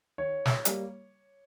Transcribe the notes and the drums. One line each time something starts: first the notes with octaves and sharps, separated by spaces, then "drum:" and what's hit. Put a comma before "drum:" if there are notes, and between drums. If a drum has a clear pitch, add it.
D#3 C#5
drum: snare
G3 A#3, drum: hi-hat